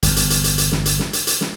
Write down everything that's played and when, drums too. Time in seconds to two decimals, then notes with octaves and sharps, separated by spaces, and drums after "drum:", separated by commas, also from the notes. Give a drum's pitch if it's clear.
0.03 G1 E2, drum: hi-hat
0.16 drum: hi-hat
0.30 drum: hi-hat
0.44 drum: hi-hat
0.58 drum: hi-hat
0.72 drum: snare
0.86 drum: hi-hat
0.99 drum: snare
1.13 drum: hi-hat
1.27 drum: hi-hat
1.41 drum: snare